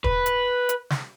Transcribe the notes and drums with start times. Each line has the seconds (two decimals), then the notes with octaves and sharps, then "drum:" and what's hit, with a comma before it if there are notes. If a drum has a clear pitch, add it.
0.04 B4, drum: kick
0.26 drum: hi-hat
0.69 drum: hi-hat
0.90 drum: snare